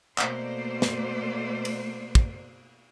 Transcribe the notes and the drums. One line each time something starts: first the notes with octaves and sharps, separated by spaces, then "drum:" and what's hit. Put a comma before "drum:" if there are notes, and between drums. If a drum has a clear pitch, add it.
B2 A3 A#3 C5 D5, drum: clap
drum: snare
drum: cymbal
drum: kick